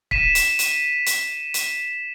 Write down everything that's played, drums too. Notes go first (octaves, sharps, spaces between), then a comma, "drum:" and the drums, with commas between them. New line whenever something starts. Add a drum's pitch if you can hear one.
B6 D#7 E7, drum: kick
drum: hi-hat
drum: hi-hat
drum: hi-hat
drum: hi-hat